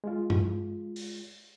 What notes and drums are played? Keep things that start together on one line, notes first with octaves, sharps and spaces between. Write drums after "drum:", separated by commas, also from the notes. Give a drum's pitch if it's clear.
G#3 F4
drum: tom G2
drum: open hi-hat